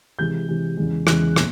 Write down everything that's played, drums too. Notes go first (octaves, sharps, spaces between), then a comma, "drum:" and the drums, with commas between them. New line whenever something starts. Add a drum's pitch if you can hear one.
C3 E3 G#3 G6
C3 E3 G#3
E2 C#3 E3 G#3
E2 C#3 E3 G#3 F#6, drum: rim click
A#2 B3, drum: rim click